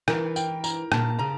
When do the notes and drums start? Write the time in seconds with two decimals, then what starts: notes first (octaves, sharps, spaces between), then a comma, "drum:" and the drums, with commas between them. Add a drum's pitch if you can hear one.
0.08 E3 A#4, drum: rim click
0.36 G5, drum: tambourine
0.64 A#5, drum: tambourine
0.92 A#2 A5, drum: rim click
1.19 C#3 A#5